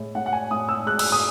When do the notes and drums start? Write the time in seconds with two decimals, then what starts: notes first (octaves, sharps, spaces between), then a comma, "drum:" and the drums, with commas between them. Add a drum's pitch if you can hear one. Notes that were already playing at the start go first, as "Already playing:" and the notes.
Already playing: A2 G#3
0.15 A2 F#5
0.26 F#5
0.33 G#5
0.51 A2 D#6
0.69 E6
0.86 G#3 F#6
0.99 E6, drum: cymbal
1.12 D#6